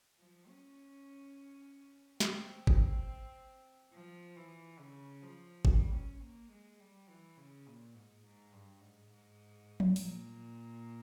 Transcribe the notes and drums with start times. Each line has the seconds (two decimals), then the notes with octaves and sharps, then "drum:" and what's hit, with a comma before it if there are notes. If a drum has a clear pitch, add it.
0.19 F3
0.48 C#4
2.20 C4, drum: snare
2.67 drum: kick G1
3.93 F3
4.36 E3
4.79 C#3
5.22 F3
5.65 G3, drum: kick G1
5.94 C#4
6.22 A#3
6.51 G#3
6.80 G3
7.09 E3
7.37 C#3
7.67 A#2
7.95 G#2
8.24 G#2
8.53 G2
8.81 G#2
9.11 G#2
9.80 drum: tom F3
9.96 A#2, drum: open hi-hat